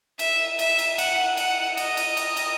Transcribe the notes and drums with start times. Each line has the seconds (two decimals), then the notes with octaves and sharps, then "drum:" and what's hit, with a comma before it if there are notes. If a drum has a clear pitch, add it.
0.19 E5, drum: cymbal
0.59 E5, drum: cymbal
0.79 drum: cymbal
0.98 F#5, drum: cymbal
1.37 F#5, drum: cymbal
1.77 D#5, drum: cymbal
1.97 drum: cymbal
2.17 drum: cymbal
2.37 drum: cymbal